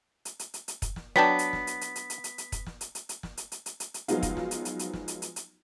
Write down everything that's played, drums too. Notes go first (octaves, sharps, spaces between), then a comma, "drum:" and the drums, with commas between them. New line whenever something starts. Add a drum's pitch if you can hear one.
drum: hi-hat
drum: hi-hat
drum: hi-hat
drum: hi-hat
drum: kick, hi-hat
drum: snare
F#3 B3 D4 G5 A5 B6
drum: hi-hat
drum: snare
drum: hi-hat
drum: hi-hat
drum: hi-hat
drum: hi-hat
drum: hi-hat
drum: hi-hat
drum: kick, hi-hat
drum: snare
drum: hi-hat
drum: hi-hat
drum: hi-hat
drum: snare
drum: hi-hat
drum: hi-hat
drum: hi-hat
drum: hi-hat
drum: hi-hat
F3 F#3 G#3 B3 D#4 F4, drum: hi-hat
drum: kick, hi-hat
drum: snare
drum: hi-hat
drum: hi-hat
drum: hi-hat
drum: snare
drum: hi-hat
drum: hi-hat
drum: hi-hat